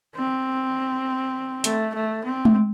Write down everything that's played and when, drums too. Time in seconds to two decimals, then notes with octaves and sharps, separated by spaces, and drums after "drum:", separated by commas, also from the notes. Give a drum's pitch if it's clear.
0.15 C4
1.64 A3, drum: hi-hat
1.95 A3
2.24 C4
2.45 drum: tom G#3